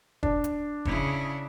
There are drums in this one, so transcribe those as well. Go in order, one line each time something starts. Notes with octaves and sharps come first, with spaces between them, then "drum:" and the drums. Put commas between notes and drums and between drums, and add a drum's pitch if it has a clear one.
D4, drum: kick
drum: hi-hat
C#3 E4, drum: kick